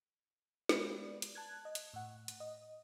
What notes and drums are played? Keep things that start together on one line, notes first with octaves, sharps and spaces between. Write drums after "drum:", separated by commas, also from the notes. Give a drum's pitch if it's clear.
G#3 B3 G4 B4 D5, drum: snare
drum: hi-hat
A5 F#6 G#6
D#5
drum: hi-hat
A2 F#5
drum: hi-hat
D#5